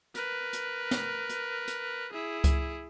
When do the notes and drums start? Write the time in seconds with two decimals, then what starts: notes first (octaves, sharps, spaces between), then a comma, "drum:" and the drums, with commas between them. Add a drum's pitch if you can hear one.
0.15 A#4 B4, drum: hi-hat
0.53 drum: hi-hat
0.91 drum: snare
1.29 drum: hi-hat
1.68 drum: hi-hat
2.12 E4 G#4
2.44 drum: kick C#2, hi-hat